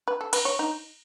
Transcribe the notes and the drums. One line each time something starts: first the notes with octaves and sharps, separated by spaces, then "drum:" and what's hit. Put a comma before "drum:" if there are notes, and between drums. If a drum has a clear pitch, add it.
B4
A4
B4, drum: cymbal
C#5
D#4